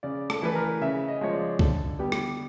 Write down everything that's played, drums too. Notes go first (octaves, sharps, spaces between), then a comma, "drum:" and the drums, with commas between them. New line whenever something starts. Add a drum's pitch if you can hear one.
C#3 D5
A4, drum: rim click
E3 A3 B4
A#4
C#3 E5
D#5
F3 G#3 C#5
D5
D3 A4, drum: kick C2
G3 B3 G4
drum: rim click